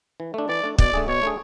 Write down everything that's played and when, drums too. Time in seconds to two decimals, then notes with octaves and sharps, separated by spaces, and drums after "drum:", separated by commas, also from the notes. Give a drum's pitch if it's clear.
0.20 E3
0.34 A3 D4
0.49 E3 D5
0.63 A3 D4
0.78 B2 D5, drum: kick
0.94 A3 D4 G#4
1.08 B2 C#5
1.23 A3 D4 G#4